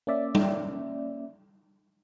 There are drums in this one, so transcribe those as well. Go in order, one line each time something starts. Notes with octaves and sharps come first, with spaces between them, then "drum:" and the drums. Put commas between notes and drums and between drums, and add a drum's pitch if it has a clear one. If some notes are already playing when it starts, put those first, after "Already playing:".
A#3 C#4 D5 E5
drum: tom G3